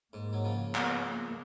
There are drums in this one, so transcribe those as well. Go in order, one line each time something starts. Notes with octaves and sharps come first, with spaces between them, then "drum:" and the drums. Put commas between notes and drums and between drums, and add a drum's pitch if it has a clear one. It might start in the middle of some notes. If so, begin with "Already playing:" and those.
G#2 A#3
F#3
C#3 F3
B3, drum: clap
A#3